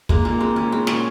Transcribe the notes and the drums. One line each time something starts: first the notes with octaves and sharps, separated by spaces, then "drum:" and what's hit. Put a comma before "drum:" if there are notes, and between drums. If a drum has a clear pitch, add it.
G#3 A#3, drum: kick
A#2 A#3
G#3 C4
A#2 C#4
G#3 C4
A#2 C#4, drum: snare